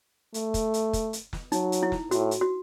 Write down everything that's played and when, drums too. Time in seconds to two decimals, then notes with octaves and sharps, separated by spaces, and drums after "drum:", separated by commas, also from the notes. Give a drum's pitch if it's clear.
0.34 A3, drum: hi-hat
0.54 drum: kick, hi-hat
0.74 drum: hi-hat
0.93 drum: kick, hi-hat
1.13 drum: hi-hat
1.33 drum: snare
1.52 F#3 D#4, drum: hi-hat
1.72 drum: hi-hat
1.83 E4
1.92 drum: snare
2.11 A2 F#4, drum: hi-hat
2.31 drum: hi-hat
2.41 F#4